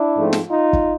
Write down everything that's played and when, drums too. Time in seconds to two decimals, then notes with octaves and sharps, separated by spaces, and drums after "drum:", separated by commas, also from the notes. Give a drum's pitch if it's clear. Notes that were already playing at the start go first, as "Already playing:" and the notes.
Already playing: D4 E4
0.16 G#2 F3 A3 C4
0.33 drum: snare
0.49 D#4 F4
0.73 drum: kick